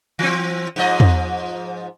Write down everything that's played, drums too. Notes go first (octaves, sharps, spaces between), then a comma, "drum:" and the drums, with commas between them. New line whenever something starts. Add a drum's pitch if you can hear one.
E3 C4
G#2 F3 D#5
drum: tom E2